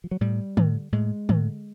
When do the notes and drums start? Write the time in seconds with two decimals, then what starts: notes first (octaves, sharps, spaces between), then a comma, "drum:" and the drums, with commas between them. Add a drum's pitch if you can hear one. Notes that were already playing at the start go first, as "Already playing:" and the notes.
0.04 F3
0.11 F#3
0.21 A2 G3
0.57 A2, drum: tom
0.92 A2 G#3
1.29 A2, drum: tom D3